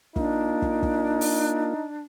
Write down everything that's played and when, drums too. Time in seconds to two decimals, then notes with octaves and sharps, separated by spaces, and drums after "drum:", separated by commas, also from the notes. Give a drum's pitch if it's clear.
0.16 A#3 D4 D#4 F4, drum: kick
0.62 drum: kick
0.83 drum: kick
1.21 drum: open hi-hat